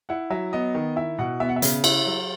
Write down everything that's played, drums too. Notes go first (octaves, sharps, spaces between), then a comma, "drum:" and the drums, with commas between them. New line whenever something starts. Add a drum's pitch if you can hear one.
E4 F#5
F#3 E5
B3 D#5
D#3
E4 E5
B2 F#5
B3 E5
F#5
E5
C#3, drum: hi-hat
E4, drum: cymbal
F#3